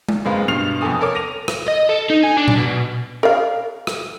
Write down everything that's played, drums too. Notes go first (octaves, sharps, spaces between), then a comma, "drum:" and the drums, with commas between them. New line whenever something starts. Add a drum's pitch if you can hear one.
drum: tom G#3
F#1 F#2 G#3 C4 B4 F5
G2 B2 F6 C7 F7
F2 C3 B3 A4 G#5 D#6
A4 A#4 C#5 D6
A#6 D#7 F7
drum: rim click
D#5
A4
D#4
G#5
D4
drum: tom A#2
B2
A#4 D5 F5
drum: rim click